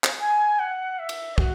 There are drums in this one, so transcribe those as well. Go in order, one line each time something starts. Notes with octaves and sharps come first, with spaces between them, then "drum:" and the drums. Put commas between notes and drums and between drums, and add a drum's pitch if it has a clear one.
drum: clap
G#5
F#5
E5
drum: cymbal
F#4, drum: kick